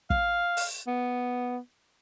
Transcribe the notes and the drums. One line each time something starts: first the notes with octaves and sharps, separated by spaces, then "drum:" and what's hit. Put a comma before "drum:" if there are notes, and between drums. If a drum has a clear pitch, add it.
F5, drum: kick
drum: open hi-hat
B3